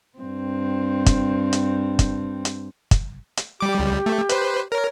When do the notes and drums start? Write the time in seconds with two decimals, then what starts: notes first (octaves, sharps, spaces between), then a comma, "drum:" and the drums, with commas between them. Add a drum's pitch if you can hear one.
0.18 G2 C4
1.06 drum: kick, hi-hat
1.53 drum: hi-hat
1.99 drum: kick, hi-hat
2.45 drum: hi-hat
2.91 drum: kick, hi-hat
3.37 drum: hi-hat
3.60 G3 G4 D6
3.75 C#2 G3
4.06 A3
4.29 B4 C5, drum: hi-hat
4.72 A#4 C#5